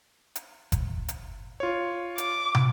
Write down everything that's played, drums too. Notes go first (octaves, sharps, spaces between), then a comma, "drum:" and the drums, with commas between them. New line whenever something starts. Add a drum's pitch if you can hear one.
drum: hi-hat
drum: kick F#1, hi-hat
drum: hi-hat
F4 C#5
D6, drum: hi-hat
drum: tom